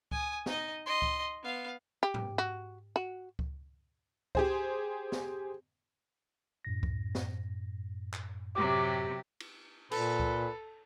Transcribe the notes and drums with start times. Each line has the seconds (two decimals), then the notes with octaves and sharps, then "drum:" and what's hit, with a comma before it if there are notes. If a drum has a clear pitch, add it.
0.11 G#5 D#6, drum: kick C#2
0.46 D#4 D#5, drum: snare
0.86 D#5 C6
1.02 drum: kick C#2
1.43 B3 F5
2.03 G4
2.14 drum: tom G#2
2.38 F#4
2.96 F#4
3.39 drum: kick C#2
4.35 G4 G#4 C5, drum: kick C#2
5.12 drum: snare
6.65 F#2 A2 A#6
6.83 drum: kick C#2
7.15 drum: snare
8.13 drum: clap
8.55 C3 F#3 G4 D6
9.40 drum: cymbal
9.91 A#2 A4 B4, drum: cymbal
10.20 drum: kick C#2